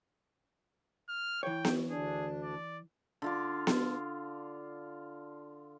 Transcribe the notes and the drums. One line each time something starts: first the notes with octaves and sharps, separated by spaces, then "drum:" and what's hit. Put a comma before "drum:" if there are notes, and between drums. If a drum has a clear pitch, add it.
F6
E3 C#5 G5
drum: snare B3
D2 D4 G#4
D5
D3 F4 D6
drum: snare B3